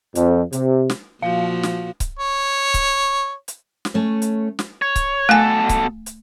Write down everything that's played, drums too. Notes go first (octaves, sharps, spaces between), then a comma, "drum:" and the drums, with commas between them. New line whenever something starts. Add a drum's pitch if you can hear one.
F2, drum: hi-hat
C3, drum: hi-hat
drum: snare
A#2 F3 F#4 F5
drum: snare
drum: kick C#1, hi-hat
C#5
drum: kick C#1, hi-hat
drum: hi-hat
drum: snare
A3 C#4 C#5
drum: hi-hat
drum: snare
C#5
drum: kick C#1, hi-hat
B2 A3 A4 G#5
drum: kick C#1, hi-hat
drum: hi-hat